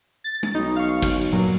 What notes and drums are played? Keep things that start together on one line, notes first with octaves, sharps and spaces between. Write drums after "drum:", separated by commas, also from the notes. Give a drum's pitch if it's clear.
A6
drum: tom
B1 D#4
F5 C#6
drum: kick, cymbal
G2 A#2 F#3